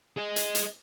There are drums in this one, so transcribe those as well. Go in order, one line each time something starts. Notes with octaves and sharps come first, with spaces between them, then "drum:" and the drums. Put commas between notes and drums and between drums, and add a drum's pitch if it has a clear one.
G#4 D#5
drum: hi-hat
drum: hi-hat